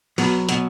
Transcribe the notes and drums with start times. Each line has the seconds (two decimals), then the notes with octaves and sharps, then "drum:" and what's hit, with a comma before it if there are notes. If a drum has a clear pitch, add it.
0.18 B1 B2 F#3 B3, drum: open hi-hat
0.49 B2 F#3, drum: hi-hat